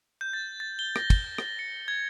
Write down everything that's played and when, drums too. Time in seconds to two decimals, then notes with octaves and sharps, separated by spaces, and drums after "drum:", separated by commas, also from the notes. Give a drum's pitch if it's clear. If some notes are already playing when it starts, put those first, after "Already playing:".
0.21 G6
0.33 A6
0.60 A6
0.79 G7
0.96 A#6, drum: rim click
1.10 drum: kick, cymbal
1.24 G6
1.38 drum: rim click
1.59 C#7
1.88 G#6